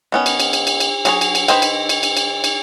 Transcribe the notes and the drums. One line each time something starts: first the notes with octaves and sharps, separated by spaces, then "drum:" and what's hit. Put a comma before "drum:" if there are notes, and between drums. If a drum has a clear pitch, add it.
D#3 B3 C#4
drum: cymbal
drum: cymbal
drum: cymbal
drum: cymbal
drum: cymbal
F#3 G#4 C#5, drum: cymbal
drum: cymbal
drum: cymbal
D#3 B4 C5 D#5 G5, drum: cymbal
drum: cymbal
drum: cymbal
drum: cymbal
drum: cymbal
drum: cymbal